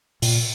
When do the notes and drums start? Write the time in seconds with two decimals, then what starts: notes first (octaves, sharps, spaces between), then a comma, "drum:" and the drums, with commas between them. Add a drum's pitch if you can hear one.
0.22 A#2, drum: open hi-hat